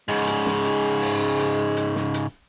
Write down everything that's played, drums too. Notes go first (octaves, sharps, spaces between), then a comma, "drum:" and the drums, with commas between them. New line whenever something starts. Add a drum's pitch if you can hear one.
G#2 C#3 G#3
drum: hi-hat
drum: snare
drum: hi-hat
drum: open hi-hat
drum: hi-hat
drum: hi-hat
drum: snare
drum: hi-hat